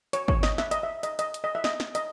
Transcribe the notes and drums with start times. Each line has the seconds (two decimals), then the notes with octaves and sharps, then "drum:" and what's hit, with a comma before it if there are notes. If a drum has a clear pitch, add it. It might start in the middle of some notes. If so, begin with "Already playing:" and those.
0.13 C#5, drum: hi-hat
0.28 C#5, drum: kick
0.43 D#5, drum: snare
0.58 E5, drum: snare
0.71 D#5, drum: hi-hat
0.83 E5
1.03 D#5, drum: hi-hat
1.19 D#5, drum: hi-hat
1.34 drum: hi-hat
1.44 D#5
1.55 E5
1.64 D#5, drum: snare
1.80 drum: snare
1.95 D#5, drum: hi-hat